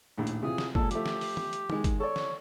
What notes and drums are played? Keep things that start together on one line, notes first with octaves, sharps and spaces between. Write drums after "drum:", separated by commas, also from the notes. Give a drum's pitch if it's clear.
A#1 D#2 A2
drum: hi-hat
C3 E3 F4 G#4
drum: snare
A#2 G#3 A4, drum: kick
F3 A3 G4, drum: hi-hat
drum: snare
drum: open hi-hat
drum: tom E3
drum: hi-hat
D#3 G#3, drum: tom E3
drum: kick, hi-hat
A4 C#5 D5
drum: snare